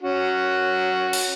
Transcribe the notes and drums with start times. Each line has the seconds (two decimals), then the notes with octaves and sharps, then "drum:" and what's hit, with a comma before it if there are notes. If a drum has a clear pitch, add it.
0.02 C#4 F#4
1.13 drum: cymbal